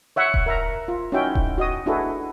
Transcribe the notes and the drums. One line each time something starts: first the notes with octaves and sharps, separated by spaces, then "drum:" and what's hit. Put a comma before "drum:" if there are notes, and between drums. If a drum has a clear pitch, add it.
C#5 E5 F#5 C#6
drum: kick D#1
A#4 E5 A#5
F4
C#4 D#4 E4 F#4 E5 G5
drum: kick D#1
F#4 D#5 D#6
D4 E4 F#4 G#4 A4 B4